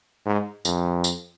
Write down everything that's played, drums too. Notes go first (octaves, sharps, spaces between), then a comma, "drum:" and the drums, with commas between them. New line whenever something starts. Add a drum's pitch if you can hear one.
G#2
F2, drum: tambourine
drum: tambourine